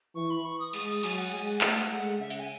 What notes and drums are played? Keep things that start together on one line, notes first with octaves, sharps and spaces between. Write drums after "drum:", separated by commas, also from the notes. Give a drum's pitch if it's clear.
E3 C#6
B5
C#6
D#6
G#3 D#6, drum: cymbal
D#6
F#3 G#5, drum: cymbal
F#5
G#3 G#5
F#5
A3 F#5, drum: clap
G#3
C#3 E5
F#5, drum: open hi-hat
G#5